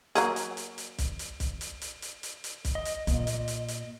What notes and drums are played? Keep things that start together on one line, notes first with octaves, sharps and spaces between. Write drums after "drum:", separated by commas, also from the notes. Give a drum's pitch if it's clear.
F#3 A#3 G#4, drum: hi-hat
drum: hi-hat
drum: hi-hat
drum: hi-hat
drum: kick, hi-hat
drum: hi-hat
drum: kick, hi-hat
drum: hi-hat
drum: hi-hat
drum: hi-hat
drum: hi-hat
drum: hi-hat
drum: kick, hi-hat
D#5
drum: hi-hat
A#2, drum: kick, hi-hat
drum: hi-hat
drum: hi-hat
drum: hi-hat